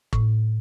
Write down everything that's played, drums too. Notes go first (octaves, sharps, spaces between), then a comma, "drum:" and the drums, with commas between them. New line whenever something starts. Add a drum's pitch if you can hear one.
A2, drum: kick